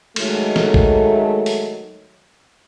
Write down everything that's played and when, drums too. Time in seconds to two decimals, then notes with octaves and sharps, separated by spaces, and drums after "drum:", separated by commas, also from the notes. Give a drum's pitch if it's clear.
0.16 D#3 F#3 G#3 A3, drum: cymbal
0.56 drum: snare
0.74 drum: kick A#1
1.46 drum: open hi-hat